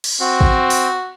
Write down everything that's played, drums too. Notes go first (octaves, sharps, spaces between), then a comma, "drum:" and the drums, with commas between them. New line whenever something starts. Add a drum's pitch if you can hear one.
drum: cymbal
C4 F#4
drum: kick
drum: open hi-hat